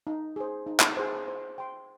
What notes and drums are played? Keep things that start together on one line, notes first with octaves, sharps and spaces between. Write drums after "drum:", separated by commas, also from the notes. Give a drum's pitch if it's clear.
D#4
G#4 C5
D#4
drum: clap
G#4 C5
C5
G5 C6